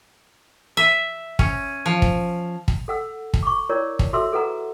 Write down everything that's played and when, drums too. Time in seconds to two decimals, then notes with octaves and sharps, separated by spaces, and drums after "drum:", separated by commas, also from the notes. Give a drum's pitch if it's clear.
0.77 E5
1.39 C#4, drum: kick
1.86 F3
2.02 drum: kick
2.68 drum: kick
2.88 A4 F#5 E6
3.34 drum: kick
3.43 C#6 D6
3.69 E4 A#4 C#5 D5
3.99 drum: kick
4.13 F#4 A4 E5 C6 E6
4.32 G#4 A4 B4 F#5 A#5